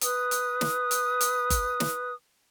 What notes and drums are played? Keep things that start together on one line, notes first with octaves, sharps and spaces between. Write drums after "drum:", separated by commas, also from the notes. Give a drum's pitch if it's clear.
B4 D#6, drum: hi-hat
drum: hi-hat
drum: snare
drum: hi-hat
drum: hi-hat
drum: kick F#1, hi-hat
drum: snare